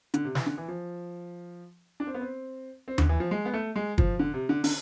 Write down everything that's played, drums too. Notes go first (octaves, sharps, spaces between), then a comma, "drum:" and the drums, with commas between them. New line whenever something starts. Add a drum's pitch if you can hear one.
D3, drum: hi-hat
C3
E3, drum: snare
D3
E3
F3
D4
C4
B3
C4
C4
D3, drum: tom D#2
E3
F3
G#3
B3
A3
G#3
F3, drum: kick
D3
C3
D3
D3, drum: open hi-hat